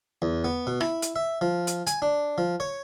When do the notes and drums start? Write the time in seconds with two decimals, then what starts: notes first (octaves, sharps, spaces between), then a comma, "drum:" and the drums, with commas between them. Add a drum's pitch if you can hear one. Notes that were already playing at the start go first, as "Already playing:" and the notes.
0.22 E2
0.44 B3
0.67 B2
0.81 E4, drum: rim click
1.02 drum: hi-hat
1.16 E5
1.41 F3
1.67 drum: hi-hat
1.87 G#5, drum: hi-hat
2.02 D4
2.38 F3
2.60 C#5